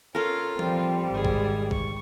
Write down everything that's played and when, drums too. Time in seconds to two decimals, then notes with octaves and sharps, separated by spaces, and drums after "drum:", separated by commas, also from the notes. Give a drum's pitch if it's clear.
0.15 C#4 F4 A4 A#4 F5
0.59 F3 G3 C4, drum: tom E3
1.14 G#1 G#4
1.25 drum: kick
1.71 C#6, drum: kick